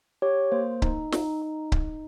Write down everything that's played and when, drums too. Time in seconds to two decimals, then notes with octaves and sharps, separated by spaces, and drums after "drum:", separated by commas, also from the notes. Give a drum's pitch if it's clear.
0.22 G4 C#5
0.52 A#3 C5
0.82 D#4, drum: kick C#1
1.12 D#4, drum: snare
1.42 D#4
1.72 D#4, drum: kick C#1